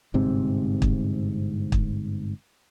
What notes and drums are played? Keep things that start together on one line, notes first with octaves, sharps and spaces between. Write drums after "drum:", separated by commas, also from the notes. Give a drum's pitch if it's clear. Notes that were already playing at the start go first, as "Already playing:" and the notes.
G1 G#2 C3 C4
drum: kick
drum: kick